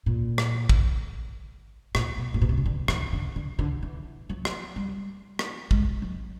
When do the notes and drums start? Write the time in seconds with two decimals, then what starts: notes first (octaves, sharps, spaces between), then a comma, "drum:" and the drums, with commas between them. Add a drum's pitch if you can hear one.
0.06 A#2
0.38 drum: rim click
0.69 drum: kick
1.95 A#2, drum: rim click
2.18 B2
2.34 A#2
2.41 B2
2.49 C3
2.57 C#3
2.66 D3
2.88 D#3, drum: rim click
3.13 D3
3.36 D3
3.59 D3
3.83 E3
4.29 F#3
4.45 drum: rim click
4.76 G3
5.39 drum: rim click
5.71 G#3, drum: kick
6.02 F#3